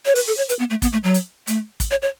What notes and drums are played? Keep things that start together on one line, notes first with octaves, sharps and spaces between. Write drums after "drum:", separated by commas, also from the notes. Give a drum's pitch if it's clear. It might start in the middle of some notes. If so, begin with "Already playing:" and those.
C#5
B4, drum: open hi-hat
A4
C#5
B4, drum: hi-hat
B3
A3
B3, drum: kick, hi-hat
A3
F#3
drum: hi-hat
A3, drum: hi-hat
drum: kick, hi-hat
C#5
C#5